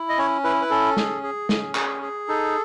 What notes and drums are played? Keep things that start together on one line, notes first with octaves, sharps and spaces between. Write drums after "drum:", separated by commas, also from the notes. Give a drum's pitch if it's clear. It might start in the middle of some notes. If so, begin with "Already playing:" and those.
Already playing: E4
D#5
C#4 C#5
E4 B4
B4
C#4 A4
G#4, drum: snare
G#4
C#4, drum: snare
G#4, drum: clap
G#4
D#4 A4